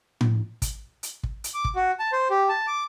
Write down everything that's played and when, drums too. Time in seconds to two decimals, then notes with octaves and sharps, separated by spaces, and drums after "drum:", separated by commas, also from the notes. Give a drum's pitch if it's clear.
0.21 drum: tom A2
0.62 drum: kick, hi-hat
1.03 drum: hi-hat
1.23 drum: kick
1.44 drum: hi-hat
1.54 D6
1.65 drum: kick
1.76 F#4
2.00 A5
2.12 C5
2.30 G4
2.49 A5
2.67 D6